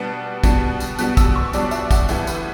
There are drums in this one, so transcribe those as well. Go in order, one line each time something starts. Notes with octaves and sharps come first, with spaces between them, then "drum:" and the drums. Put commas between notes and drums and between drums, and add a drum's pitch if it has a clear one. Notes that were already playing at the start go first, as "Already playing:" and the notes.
Already playing: B2 G3 B3 D4
B2 G3 B3 D4, drum: kick, tambourine
drum: tambourine
B2 G3 B3 D4 F#6, drum: tambourine
E6, drum: kick, tambourine
C#6
B2 G3 B3 D4 D5, drum: tambourine
E5, drum: tambourine
F#5, drum: kick, tambourine
A2 E3 G3 B3 E5, drum: tambourine
B4, drum: tambourine